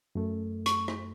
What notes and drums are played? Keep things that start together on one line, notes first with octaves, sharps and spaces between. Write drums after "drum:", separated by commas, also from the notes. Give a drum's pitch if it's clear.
F#2 A3
C#6, drum: hi-hat
drum: rim click